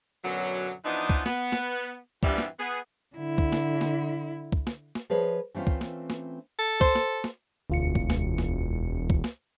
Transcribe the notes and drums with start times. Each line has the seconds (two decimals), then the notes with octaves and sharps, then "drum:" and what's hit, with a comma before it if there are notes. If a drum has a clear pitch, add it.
0.23 F#2 B2 D3 F#3
0.84 E3 F3 B3 D4 D#4
1.10 drum: kick
1.26 B3, drum: snare
1.52 drum: snare
2.23 G2 A#2 E3 G3 B3 C4, drum: kick
2.38 drum: snare
2.59 B3 G#4
3.16 D3 E4
3.38 drum: kick
3.52 drum: snare
3.81 drum: snare
4.52 drum: kick
4.67 drum: snare
4.95 drum: snare
5.10 F3 G#4 B4 C#5 D#5
5.54 E3 A3 C4 C#4 F4
5.67 drum: kick
5.81 drum: snare
6.10 drum: snare
6.59 A4
6.81 C5, drum: kick
6.95 drum: snare
7.24 drum: snare
7.70 E1 D2 F4 C#7
7.95 drum: kick
8.10 drum: snare
8.38 drum: snare
9.10 drum: kick
9.24 drum: snare